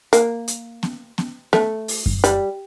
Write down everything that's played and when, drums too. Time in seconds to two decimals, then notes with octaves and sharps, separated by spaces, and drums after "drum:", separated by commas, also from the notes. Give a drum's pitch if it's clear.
0.13 A#3, drum: hi-hat
0.48 drum: hi-hat
0.83 drum: snare B3
1.18 drum: snare B3
1.53 A3, drum: snare B3
1.88 drum: open hi-hat
2.06 drum: kick F#2
2.24 G3, drum: hi-hat